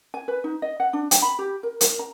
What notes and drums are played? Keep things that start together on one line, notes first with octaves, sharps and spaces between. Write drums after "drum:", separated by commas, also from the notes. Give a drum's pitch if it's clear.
G#5
B4
D#4
D#5
F#5
D4
G5, drum: hi-hat
B5
G4
A#4
A#4, drum: hi-hat
A#5